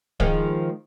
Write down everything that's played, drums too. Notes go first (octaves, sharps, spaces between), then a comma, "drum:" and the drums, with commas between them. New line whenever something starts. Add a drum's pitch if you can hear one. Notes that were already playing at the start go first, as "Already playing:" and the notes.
D#3 F3 G#3, drum: kick D1